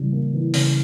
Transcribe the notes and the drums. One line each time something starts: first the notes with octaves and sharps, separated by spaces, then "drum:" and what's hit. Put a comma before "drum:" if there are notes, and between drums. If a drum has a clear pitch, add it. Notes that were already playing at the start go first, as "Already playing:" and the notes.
Already playing: C#3 E3 G3
A#3
E3
C#3, drum: open hi-hat